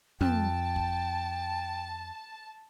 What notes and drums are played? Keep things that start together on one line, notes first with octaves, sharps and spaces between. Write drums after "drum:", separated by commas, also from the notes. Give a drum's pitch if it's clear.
F2 G5 A5, drum: tom
drum: kick